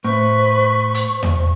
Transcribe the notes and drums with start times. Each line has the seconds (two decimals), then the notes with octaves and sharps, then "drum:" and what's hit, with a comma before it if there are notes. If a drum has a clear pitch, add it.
0.04 A2 B4 C5 C#6
0.94 drum: hi-hat
1.23 drum: tom E2